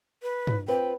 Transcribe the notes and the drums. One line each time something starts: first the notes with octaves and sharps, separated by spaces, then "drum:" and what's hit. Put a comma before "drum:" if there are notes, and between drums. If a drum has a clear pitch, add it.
B4
drum: tom G2
C4 F4 B4 G5